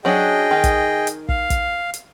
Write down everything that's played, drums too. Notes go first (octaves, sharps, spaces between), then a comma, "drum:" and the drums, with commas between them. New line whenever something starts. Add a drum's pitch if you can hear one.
F#3 C#4 D4 G#4 D#5 G5
D#3
drum: kick, hi-hat
drum: hi-hat
F5, drum: kick
drum: kick, hi-hat
drum: hi-hat